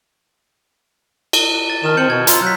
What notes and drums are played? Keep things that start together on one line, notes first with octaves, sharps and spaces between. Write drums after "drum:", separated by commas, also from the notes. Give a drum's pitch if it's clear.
drum: cymbal
A6
D#3 A5 F6 E7
C4 G6 C#7 F#7
B2 G#6
F4 A#5 C6 E6, drum: hi-hat
F#3 F#6 G6 B6